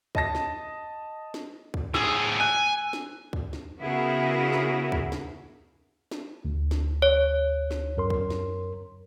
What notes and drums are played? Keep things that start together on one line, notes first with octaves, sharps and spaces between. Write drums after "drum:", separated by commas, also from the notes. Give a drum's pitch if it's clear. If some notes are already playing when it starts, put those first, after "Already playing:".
D#5 A5 A#6, drum: kick
drum: snare
drum: snare
drum: kick
A2 G#4 E6, drum: snare
G#5 F#6
drum: snare
drum: kick
drum: snare
C#3 B3 E4 F#4 G#4 A#4
drum: snare
drum: kick
drum: snare
drum: snare
D2
drum: snare
C#5
drum: snare
F#2 A#4 C6
drum: kick
drum: snare